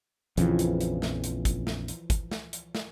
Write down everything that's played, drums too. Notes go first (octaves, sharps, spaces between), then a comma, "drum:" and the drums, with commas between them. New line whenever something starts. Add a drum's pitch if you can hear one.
A#1 F2 C#3 E3 F3, drum: hi-hat
drum: hi-hat
drum: hi-hat
drum: snare
drum: hi-hat
drum: kick, hi-hat
drum: snare
drum: hi-hat
drum: kick, hi-hat
drum: snare
drum: hi-hat
drum: snare